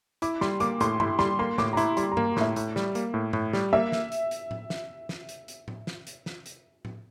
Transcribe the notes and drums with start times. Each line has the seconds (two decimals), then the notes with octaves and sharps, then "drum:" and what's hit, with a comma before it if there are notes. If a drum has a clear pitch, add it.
0.22 E4 D6, drum: hi-hat
0.41 G3 C6, drum: snare
0.60 A#3 D6, drum: hi-hat
0.81 A2 C6, drum: hi-hat
1.00 E4 C6, drum: tom G2
1.19 G3 C6, drum: snare
1.39 A#3 C6
1.58 A2 D6, drum: snare
1.73 A#5
1.77 E4 C6, drum: hi-hat
1.97 G3 C6, drum: hi-hat
2.12 A#5
2.17 A#3, drum: tom G2
2.37 A2 E5, drum: snare
2.56 A2, drum: hi-hat
2.76 G3, drum: snare
2.95 A#3, drum: hi-hat
3.14 A2
3.33 A2, drum: tom G2
3.53 G3, drum: snare
3.73 A#3 E5
3.92 drum: snare
4.12 drum: hi-hat
4.31 drum: hi-hat
4.51 drum: tom A2
4.70 drum: snare
5.09 drum: snare
5.29 drum: hi-hat
5.48 drum: hi-hat
5.68 drum: tom A2
5.87 drum: snare
6.07 drum: hi-hat
6.26 drum: snare
6.46 drum: hi-hat
6.85 drum: tom A2